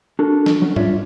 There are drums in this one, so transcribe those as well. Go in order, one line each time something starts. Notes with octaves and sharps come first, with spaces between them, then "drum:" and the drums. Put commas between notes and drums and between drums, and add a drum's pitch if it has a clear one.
D4 F#4 A4 A#4
drum: snare
F#3 C#4
G3 D4 F4 C#5 D5 E5, drum: tom